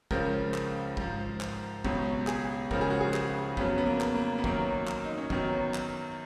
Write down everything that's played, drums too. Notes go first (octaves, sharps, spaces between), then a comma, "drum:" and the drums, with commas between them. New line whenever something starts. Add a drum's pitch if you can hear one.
C#2 C#3 F3 A#4, drum: kick
drum: clap
G#2 F3, drum: kick
drum: clap
C#2 B2 F#3, drum: kick
G#4, drum: clap
C#2 C#3 F3 A#4, drum: kick
G#4
F#4
G#4
G#4, drum: clap
F2 C#3 F#3 B3, drum: kick
B3
A#3
drum: clap
A#3
B3
F#2 D#3 F#3 A#3, drum: kick
drum: clap
D#4
C#4
F#2 D#3 F#3 B3, drum: kick
drum: clap